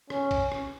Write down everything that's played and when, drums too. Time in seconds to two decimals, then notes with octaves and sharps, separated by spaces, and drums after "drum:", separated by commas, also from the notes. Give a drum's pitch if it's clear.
0.10 C#4, drum: rim click
0.31 drum: kick, cymbal
0.52 drum: rim click